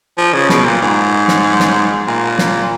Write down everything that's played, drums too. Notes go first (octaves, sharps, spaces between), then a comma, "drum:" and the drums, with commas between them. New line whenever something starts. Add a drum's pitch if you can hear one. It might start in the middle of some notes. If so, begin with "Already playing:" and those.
F3
C#3
B2, drum: snare
A#2
G#2
drum: snare
drum: snare
A#2
drum: snare